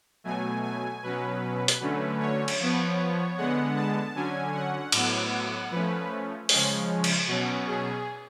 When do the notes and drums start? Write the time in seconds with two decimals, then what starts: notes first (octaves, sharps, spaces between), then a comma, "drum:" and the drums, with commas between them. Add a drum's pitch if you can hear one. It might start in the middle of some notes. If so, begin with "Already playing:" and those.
0.24 B2 F#3 A3 G#5
0.63 G#5
1.03 B2 F#3 C#4 B4
1.68 drum: hi-hat
1.80 D3 F#3 A3 C#4
2.20 C#5
2.48 drum: cymbal
2.59 F3 B3
3.37 D3 G#3 B3 F#5
3.75 A5
4.15 D3 F#3 C#4 G#5
4.54 F#5
4.92 A2 F#3 B3, drum: cymbal
5.71 F3 A3 C#4 B4
6.49 C#3 F3 G#3 C#4, drum: open hi-hat
7.04 drum: cymbal
7.27 B2 F#3 C#4 F#4
7.67 G#4